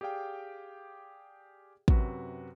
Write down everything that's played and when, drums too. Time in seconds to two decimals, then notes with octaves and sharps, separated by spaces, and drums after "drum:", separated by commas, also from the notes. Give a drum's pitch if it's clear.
0.01 G4 G#4 D5 F5 G5
1.88 F#2 C3 F#4 B4, drum: kick